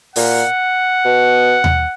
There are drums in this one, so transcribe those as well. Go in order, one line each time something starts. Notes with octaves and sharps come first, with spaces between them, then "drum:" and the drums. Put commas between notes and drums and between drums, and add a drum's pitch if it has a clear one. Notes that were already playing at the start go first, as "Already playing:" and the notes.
A#2 F#5, drum: open hi-hat
B2
drum: tom D#2